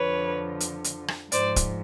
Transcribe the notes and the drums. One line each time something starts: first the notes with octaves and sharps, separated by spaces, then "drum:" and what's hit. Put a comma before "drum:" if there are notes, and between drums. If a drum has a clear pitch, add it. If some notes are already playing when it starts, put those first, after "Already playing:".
Already playing: F2 D3 F3 B4 C#5
drum: hi-hat
drum: hi-hat
drum: rim click
G#2 F3 G#3 C5 D5, drum: hi-hat
drum: kick, hi-hat